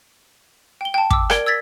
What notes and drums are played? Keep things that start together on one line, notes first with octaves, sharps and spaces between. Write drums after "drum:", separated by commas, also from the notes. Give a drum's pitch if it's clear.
G5 G7
G5 A5
D6 E6, drum: kick
A#4 D5 G#6 D7 G7, drum: rim click
E6 G#6 A6 B6